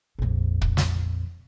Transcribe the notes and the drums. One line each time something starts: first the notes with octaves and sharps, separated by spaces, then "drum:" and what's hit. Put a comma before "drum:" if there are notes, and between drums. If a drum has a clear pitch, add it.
A#1 F2
drum: kick
drum: snare